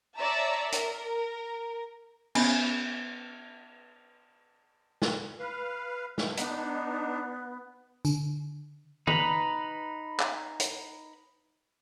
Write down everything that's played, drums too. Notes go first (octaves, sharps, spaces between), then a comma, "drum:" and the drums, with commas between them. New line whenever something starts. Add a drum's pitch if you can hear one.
C#5 D5 E5 A5 A#5 E6
A#4, drum: hi-hat
B3 C#4, drum: cymbal
drum: snare
B4 F5
G2 A3, drum: snare
B3 D4 D#4, drum: hi-hat
D3, drum: tambourine
D#4 B4 A#5 B5, drum: tom
drum: clap
drum: hi-hat